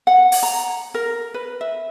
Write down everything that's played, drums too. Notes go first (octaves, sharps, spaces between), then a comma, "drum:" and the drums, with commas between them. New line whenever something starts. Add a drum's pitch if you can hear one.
F#5
drum: open hi-hat
A#5
A#4
B4
E5